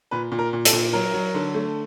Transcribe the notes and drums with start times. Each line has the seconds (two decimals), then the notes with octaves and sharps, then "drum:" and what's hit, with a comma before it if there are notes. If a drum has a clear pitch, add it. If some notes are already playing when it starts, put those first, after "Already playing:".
0.11 A#2 B4
0.32 A#2
0.39 A#4
0.53 A#2
0.65 A4, drum: hi-hat
0.73 A#2
0.93 F#3 A#4
1.14 F#3
1.34 D3
1.54 A3